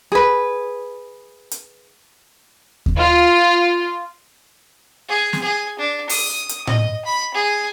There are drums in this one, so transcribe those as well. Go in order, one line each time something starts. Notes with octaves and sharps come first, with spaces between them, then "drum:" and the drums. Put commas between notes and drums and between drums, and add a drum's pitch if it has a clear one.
G#4 B4
drum: hi-hat
drum: kick D#2
F4
G#4
drum: snare
G#4
D4
D#6, drum: open hi-hat
drum: hi-hat
D#5, drum: tom A2
B5
G#4